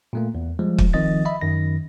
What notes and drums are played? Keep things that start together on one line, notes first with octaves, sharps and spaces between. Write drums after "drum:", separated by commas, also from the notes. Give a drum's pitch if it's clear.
A#2 A3 A#3
E2
F3 G3 G#3
drum: kick
D#3 F3 C4 D#5 A6
D#5 E5 B5
F#2 D#3 A#6